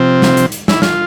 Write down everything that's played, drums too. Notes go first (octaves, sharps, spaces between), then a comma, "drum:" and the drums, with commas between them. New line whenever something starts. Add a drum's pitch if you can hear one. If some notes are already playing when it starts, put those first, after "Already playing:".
Already playing: C3 F3 C4
drum: snare
drum: hi-hat
drum: hi-hat
E4, drum: snare
F4, drum: snare